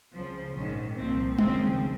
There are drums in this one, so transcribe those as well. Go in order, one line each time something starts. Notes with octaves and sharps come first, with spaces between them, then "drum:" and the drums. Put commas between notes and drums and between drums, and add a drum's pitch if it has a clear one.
C#2 C#3 F3
A#1 G#2 D#3 C#4
C2 A#2 F3 C4
D#2 C#3 F3 C4, drum: tom G3